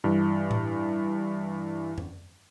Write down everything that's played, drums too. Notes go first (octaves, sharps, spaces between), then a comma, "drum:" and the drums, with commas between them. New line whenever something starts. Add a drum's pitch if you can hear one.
G2 E3
drum: tom A2
drum: tom F2